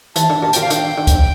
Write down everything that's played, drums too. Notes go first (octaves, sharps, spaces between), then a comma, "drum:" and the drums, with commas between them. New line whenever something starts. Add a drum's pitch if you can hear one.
E3 A5, drum: hi-hat
D3
A#2 A5
A#2 G5, drum: hi-hat
F5
D3 G5, drum: hi-hat
D3
drum: kick C#2, hi-hat